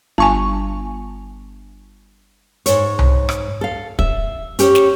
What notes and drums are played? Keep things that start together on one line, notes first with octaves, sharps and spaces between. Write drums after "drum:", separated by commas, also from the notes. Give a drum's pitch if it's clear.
G1 G#5 A5 C#6
G#2 C#5, drum: hi-hat
drum: tom C2
drum: rim click
A4 F5
E5, drum: kick
C#4 G4 C5 C#5, drum: hi-hat
drum: snare